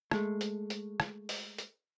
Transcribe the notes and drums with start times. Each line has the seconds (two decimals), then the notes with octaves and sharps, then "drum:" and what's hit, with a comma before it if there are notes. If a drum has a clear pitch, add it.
0.11 G#3 A3, drum: rim click
0.41 drum: hi-hat
0.70 drum: hi-hat
1.00 drum: rim click
1.29 drum: open hi-hat
1.58 drum: hi-hat